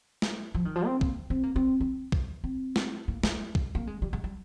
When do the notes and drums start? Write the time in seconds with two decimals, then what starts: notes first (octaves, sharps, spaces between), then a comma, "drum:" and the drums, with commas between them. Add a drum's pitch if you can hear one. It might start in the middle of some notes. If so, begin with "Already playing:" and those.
0.22 drum: snare
0.55 F3
0.65 D#3
0.76 F3
0.86 C4
1.01 A#3, drum: kick
1.30 C4
1.43 A#3
1.56 C4
1.80 C4
2.12 drum: kick
2.44 C4
2.76 drum: snare
3.08 A#3
3.23 G#3, drum: snare
3.55 drum: kick
3.75 A#3
3.87 G#3
4.02 G3
4.13 G#3
4.24 G3